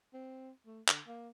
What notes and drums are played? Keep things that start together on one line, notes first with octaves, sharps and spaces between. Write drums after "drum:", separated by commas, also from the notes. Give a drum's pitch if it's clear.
C4
A3
D3, drum: clap
A#3